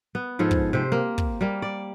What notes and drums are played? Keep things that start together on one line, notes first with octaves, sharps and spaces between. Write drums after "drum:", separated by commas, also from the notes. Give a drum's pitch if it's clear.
B3
G#2 F3 G#4 A4
drum: kick
C3 G4 C5
A#3
drum: kick
G3 A#3
D5